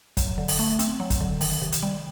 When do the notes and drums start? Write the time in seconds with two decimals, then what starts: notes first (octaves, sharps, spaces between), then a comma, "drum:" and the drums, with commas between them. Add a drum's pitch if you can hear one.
0.17 F#3, drum: kick, hi-hat
0.38 D3
0.48 drum: open hi-hat
0.59 A3
0.79 C4, drum: hi-hat
1.00 F#3
1.10 drum: kick, hi-hat
1.21 D3
1.41 D#3, drum: open hi-hat
1.62 C3
1.72 drum: hi-hat
1.83 G3